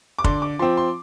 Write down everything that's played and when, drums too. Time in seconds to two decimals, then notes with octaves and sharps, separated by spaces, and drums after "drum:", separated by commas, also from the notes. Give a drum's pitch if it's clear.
0.19 D6
0.24 D3 C6, drum: kick
0.42 D6
0.59 F3 C4 C6
0.77 C6